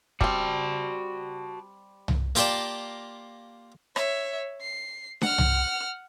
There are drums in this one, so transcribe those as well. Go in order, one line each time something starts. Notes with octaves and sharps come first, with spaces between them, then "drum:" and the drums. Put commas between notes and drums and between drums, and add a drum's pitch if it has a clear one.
G3 C4 F#4 A5, drum: kick
drum: tom C2
A#3 F4 G4 A#4 D5 A5, drum: hi-hat
C#5 E5, drum: rim click
C7
F#5 F6, drum: snare D4
drum: tom C2